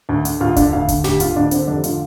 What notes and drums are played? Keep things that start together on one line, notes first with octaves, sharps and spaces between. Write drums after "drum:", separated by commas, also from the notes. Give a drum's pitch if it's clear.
D2
D3, drum: hi-hat
D2 F4
D3 D4, drum: kick E1, hi-hat
D2 F5
D3, drum: kick E1, hi-hat
D2 G4, drum: snare
D3 F4, drum: hi-hat
D2 D4
D3 C4, drum: hi-hat
F1 D4
D3 F4, drum: hi-hat